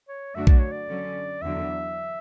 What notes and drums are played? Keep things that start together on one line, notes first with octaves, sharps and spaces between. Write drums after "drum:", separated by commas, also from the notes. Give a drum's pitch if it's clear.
C#5
F#2 D3 A3 D4 F#4 E5
D5, drum: kick A#1
C#5
D5
D3 F#3 C#4
E2 D3 F#3 E5